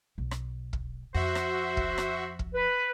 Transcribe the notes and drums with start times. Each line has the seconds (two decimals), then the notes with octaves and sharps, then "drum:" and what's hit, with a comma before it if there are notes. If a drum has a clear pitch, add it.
0.18 B1
0.31 drum: rim click
0.73 drum: kick
1.14 F2 F#4 C5 E5
1.35 drum: rim click
1.77 drum: kick
1.98 drum: rim click
2.39 drum: kick
2.54 B4